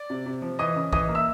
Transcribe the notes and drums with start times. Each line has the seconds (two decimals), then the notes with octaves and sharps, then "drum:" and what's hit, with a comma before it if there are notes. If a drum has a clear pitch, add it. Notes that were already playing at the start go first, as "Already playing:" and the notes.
Already playing: D5
0.10 C3
0.26 C3
0.42 F3
0.59 E3 D#5 D#6
0.76 C#3
0.93 E3 D#5 D#6, drum: kick A#1
1.09 A#3
1.15 E5 E6